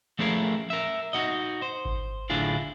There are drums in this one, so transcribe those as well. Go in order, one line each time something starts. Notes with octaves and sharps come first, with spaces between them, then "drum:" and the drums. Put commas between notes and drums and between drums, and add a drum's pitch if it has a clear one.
F3 A3 C#4 E4 G#4 A#4
A#4 E5
D#4 F#4 D#5
C5
drum: kick G#1
D2 A2 D4 E4 F4 G#4